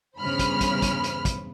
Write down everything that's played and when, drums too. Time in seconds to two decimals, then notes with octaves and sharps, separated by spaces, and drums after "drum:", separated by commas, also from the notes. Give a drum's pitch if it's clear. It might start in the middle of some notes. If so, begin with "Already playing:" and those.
0.18 E2 G2 C#3 C5 B5 F6
0.39 drum: kick, hi-hat
0.61 drum: kick, hi-hat
0.82 drum: kick, hi-hat
1.04 drum: hi-hat
1.25 drum: kick, hi-hat